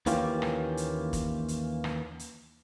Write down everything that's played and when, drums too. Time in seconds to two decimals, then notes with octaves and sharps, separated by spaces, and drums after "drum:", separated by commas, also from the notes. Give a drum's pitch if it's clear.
0.06 D#2 E3 A#3 C#4 F4 G4, drum: hi-hat
0.42 drum: rim click
0.77 drum: hi-hat
1.13 drum: kick, hi-hat
1.48 drum: hi-hat
1.84 drum: rim click
2.19 drum: hi-hat